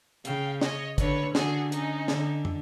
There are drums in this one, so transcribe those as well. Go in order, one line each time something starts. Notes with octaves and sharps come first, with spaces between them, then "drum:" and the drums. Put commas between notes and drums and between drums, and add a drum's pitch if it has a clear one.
C#3 F5 G5, drum: hi-hat
C#5 D#5, drum: snare
D3 B4 C#5, drum: kick, hi-hat
D3 F#4 G#4, drum: snare
C#4 D#4, drum: hi-hat
D3, drum: snare
drum: tom